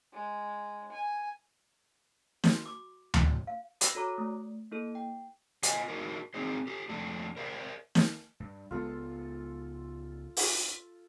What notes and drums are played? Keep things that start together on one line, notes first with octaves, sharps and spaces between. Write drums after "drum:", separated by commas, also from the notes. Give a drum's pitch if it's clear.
G#3
G#5
F#4, drum: snare
D6
drum: tom D2
F5
B5 E6 A#6, drum: hi-hat
F#4 A4 C#5 A#5 D6
A3
A#3 E4 A4
G5
F4 A4 C5 D#5 F#5 G#5, drum: hi-hat
D4 D#4 F#4 A#4
C4 D4 D#4 G#4 C5
G4 A4
F2 A3 D4
A#4 C5 D5 E5
drum: snare
G2
C#2 G#3 B3 F4 A4
drum: open hi-hat